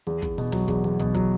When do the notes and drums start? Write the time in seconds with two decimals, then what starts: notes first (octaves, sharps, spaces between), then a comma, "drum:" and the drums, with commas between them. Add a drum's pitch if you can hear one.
0.07 E2, drum: hi-hat
0.22 E2, drum: kick, hi-hat
0.38 B2, drum: open hi-hat
0.52 F#3, drum: snare
0.68 E2, drum: kick, hi-hat
0.84 E2, drum: hi-hat
0.99 B2, drum: kick, hi-hat
1.14 F#3, drum: kick